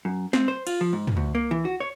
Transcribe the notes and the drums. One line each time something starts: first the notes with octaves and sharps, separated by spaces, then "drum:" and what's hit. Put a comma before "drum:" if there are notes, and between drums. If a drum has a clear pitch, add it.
F#2
C4, drum: snare
C5
F4, drum: cymbal
F3
G#2
drum: tom
D2
A#3
E3
F#4
C#5